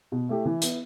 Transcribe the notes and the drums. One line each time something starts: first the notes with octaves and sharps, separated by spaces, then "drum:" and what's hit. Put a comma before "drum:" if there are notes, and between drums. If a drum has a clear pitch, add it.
B2
A3 E4 G4
E3
B3 E4, drum: hi-hat